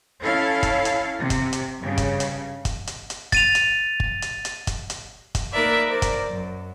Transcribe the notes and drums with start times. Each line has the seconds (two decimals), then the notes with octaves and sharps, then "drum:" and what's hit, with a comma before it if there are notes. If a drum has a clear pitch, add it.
0.21 C#4 E4 A4 F5
0.63 drum: kick, hi-hat
0.85 drum: hi-hat
1.19 C3
1.30 drum: kick, hi-hat
1.53 drum: hi-hat
1.80 G2 C#3
1.98 drum: kick, hi-hat
2.20 drum: hi-hat
2.65 drum: kick, hi-hat
2.87 drum: hi-hat
3.10 drum: hi-hat
3.32 A6 D#7 F7, drum: kick, hi-hat
3.55 drum: hi-hat
4.00 drum: kick
4.22 drum: hi-hat
4.45 drum: hi-hat
4.67 drum: kick, hi-hat
4.90 drum: hi-hat
5.35 drum: kick, hi-hat
5.52 A#3 D#4 A#4 B4 D5 E5
5.88 A#4 C5 D5
6.02 drum: kick, hi-hat
6.28 F#2